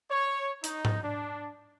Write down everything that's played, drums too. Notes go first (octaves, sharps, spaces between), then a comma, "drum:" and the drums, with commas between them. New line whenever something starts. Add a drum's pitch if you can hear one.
C#5
D#4, drum: hi-hat
drum: tom G#2
D4